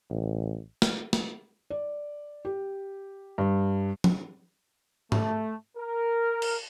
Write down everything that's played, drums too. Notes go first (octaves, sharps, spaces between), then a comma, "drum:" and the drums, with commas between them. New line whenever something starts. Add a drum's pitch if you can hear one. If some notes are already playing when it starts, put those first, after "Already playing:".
A1
drum: snare
drum: snare
D5
G4
G2
drum: tom
A3, drum: tom
A#4
drum: cymbal